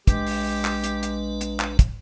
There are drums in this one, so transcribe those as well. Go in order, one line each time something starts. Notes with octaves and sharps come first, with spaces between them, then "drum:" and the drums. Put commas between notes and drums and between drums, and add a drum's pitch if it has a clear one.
A#1 G#3 D4 G4 B4, drum: kick, hi-hat
drum: open hi-hat
drum: clap
drum: hi-hat
drum: hi-hat
drum: hi-hat
drum: clap
drum: kick, hi-hat